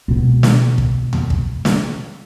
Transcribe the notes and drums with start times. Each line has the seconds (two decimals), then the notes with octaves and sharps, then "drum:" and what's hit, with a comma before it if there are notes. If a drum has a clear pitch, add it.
0.08 B2 G#3
0.43 drum: snare
0.78 drum: kick
1.13 drum: tom E2
1.30 drum: kick
1.65 drum: snare